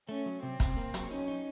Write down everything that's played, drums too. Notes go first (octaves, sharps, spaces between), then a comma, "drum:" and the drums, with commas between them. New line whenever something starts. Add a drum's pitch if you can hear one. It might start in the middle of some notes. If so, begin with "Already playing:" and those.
A3 C#4
F#3
C3 C4
C3, drum: kick, hi-hat
A#3
F#3, drum: hi-hat
C#4 D#4
D#4